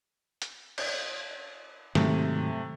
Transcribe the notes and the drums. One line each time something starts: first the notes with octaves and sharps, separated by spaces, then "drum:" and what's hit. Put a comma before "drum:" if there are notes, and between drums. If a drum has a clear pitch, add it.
drum: hi-hat
drum: cymbal
G#2 C3 D#3 F#3 A3, drum: snare